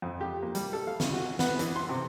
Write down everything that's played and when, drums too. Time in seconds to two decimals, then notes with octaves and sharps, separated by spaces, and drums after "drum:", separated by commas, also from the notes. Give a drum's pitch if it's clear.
0.02 F2
0.21 G4
0.43 A#3
0.55 G3, drum: hi-hat
0.73 A4
0.87 F5
1.00 C#3, drum: snare
1.13 F#4
1.39 B3, drum: snare
1.59 E3, drum: hi-hat
1.76 C6
1.89 C3